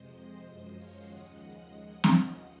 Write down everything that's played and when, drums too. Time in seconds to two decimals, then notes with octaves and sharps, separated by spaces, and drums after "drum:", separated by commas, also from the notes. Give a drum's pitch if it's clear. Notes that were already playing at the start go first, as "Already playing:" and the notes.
Already playing: F2 C3 F3 G#3 C5 D#5
0.45 F#2 F3 G#3 C5 D#5
0.75 C#5 F5
1.04 D#2 C#3 F3 G#3 D#5 F#5
2.04 drum: snare